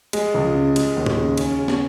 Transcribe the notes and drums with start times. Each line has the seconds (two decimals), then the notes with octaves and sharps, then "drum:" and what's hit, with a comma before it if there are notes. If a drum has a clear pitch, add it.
0.13 G#3, drum: cymbal
0.34 C#2
0.55 C#3
0.76 G#3, drum: cymbal
0.96 D#2
1.06 drum: tom A2
1.17 C#3
1.38 C#4, drum: cymbal
1.58 C#3
1.68 drum: snare